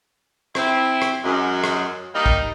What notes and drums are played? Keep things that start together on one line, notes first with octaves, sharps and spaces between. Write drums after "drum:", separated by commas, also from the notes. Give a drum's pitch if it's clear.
C4 E4, drum: rim click
drum: rim click
F#2 G#3
drum: rim click
D#3 G3 A#3 D#4
drum: kick